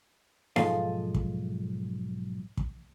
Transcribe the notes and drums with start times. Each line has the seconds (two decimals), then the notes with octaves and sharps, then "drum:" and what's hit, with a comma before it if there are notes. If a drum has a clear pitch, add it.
0.56 B1 G#2 F3 A4 D#5 F5, drum: snare D#4
1.14 drum: kick
2.57 drum: kick